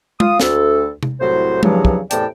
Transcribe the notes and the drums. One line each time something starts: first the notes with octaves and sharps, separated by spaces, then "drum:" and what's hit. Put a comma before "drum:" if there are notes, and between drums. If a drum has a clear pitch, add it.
F4 D#6, drum: tom G#3
D2 A4, drum: snare
drum: tom C3
C2 A2 F#3 C5
E2 G2 C#3 F3 F#3, drum: tom G#3
drum: kick
E2 A2 C3 D5 G5 A5, drum: hi-hat